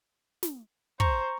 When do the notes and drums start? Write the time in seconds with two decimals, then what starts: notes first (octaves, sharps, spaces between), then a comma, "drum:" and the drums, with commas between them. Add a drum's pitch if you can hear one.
0.43 drum: snare
1.00 C5 A#5 C#6, drum: kick